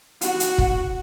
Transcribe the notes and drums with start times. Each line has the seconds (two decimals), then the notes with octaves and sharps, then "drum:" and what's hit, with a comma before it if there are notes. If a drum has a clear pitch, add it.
0.21 F#4, drum: hi-hat
0.40 drum: hi-hat
0.58 drum: kick